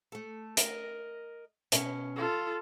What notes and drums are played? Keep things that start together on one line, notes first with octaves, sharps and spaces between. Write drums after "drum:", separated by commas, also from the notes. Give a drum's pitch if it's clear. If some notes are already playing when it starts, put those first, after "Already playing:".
A3 A4
A#4 D#5, drum: hi-hat
B2 C#4, drum: hi-hat
F4 A4